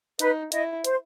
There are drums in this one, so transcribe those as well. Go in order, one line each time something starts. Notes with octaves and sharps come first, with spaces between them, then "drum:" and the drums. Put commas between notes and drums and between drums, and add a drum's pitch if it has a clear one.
D#4 B4, drum: hi-hat
E4 D#5, drum: hi-hat
C5, drum: hi-hat